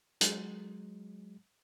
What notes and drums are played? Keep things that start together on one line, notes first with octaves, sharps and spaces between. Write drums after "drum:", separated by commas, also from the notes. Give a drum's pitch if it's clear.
F#3 G#3, drum: hi-hat